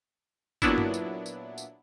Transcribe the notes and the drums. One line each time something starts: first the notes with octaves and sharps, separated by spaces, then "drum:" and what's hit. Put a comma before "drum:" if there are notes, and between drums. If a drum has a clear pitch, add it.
A#2 F#3 B3 D4 E4, drum: kick G1, tambourine
drum: tom G2
drum: tambourine
drum: tambourine
drum: tambourine